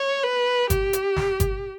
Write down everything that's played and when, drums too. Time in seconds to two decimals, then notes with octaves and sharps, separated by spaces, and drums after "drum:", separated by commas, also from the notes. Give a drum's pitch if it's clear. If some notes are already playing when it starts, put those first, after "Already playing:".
Already playing: C#5
0.23 B4
0.70 G4, drum: kick G1, hi-hat
0.93 drum: hi-hat
1.17 drum: snare
1.40 drum: kick G1, hi-hat